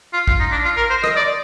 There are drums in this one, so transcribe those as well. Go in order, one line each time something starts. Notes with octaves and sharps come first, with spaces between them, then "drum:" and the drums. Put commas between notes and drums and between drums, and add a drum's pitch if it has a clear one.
F4
F4, drum: kick
D#4
D4
F4
A#4
C5
D#5, drum: rim click
D5